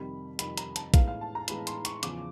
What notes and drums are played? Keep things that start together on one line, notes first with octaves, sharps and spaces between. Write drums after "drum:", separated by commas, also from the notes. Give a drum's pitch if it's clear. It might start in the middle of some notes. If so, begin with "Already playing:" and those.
Already playing: F2 C3 D#3 G3 B5
F2 C3 D#3 G3 B5, drum: hi-hat
A#5, drum: hi-hat
A5, drum: hi-hat
A2 E3 G#3 B3 F5, drum: kick A#1, hi-hat
F5
A5
A#5
A2 E3 G#3 B3 B5, drum: hi-hat
C6, drum: hi-hat
C#6, drum: hi-hat
E2 C#3 F3 D6, drum: hi-hat